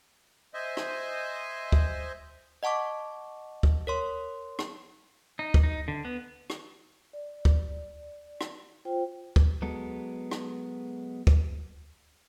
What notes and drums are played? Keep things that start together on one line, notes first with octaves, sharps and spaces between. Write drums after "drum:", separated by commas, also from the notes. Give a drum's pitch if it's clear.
C5 D#5 E5 G#5
drum: rim click
drum: kick
D#5 F#5 A5 C#6 D6
drum: kick
A#4 C#5 C6
drum: rim click
D#4
drum: kick
D#4
D3
B3
drum: rim click
D5
drum: kick
drum: rim click
F4 C5 G5
drum: kick
F#3 G#3 B3 A4
drum: rim click
drum: kick